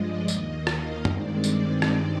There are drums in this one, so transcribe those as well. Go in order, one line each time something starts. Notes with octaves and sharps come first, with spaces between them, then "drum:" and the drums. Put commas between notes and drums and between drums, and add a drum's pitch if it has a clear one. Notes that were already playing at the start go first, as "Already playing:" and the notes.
Already playing: G2 F3 G#3 D5 D#5
D#2 D#3 A#3 D#5, drum: tambourine
F5, drum: rim click
G2 D#3 G#3 C4 D5, drum: tom
drum: tambourine
drum: rim click